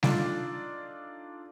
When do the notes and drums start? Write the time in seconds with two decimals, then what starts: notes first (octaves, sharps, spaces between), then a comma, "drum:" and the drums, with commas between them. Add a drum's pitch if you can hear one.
0.03 D4 D#4 F4 A4 D5, drum: snare G3